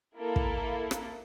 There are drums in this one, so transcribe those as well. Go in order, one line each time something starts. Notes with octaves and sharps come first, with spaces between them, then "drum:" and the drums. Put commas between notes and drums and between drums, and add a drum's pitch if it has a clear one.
A#3 E4 A4
drum: kick
drum: rim click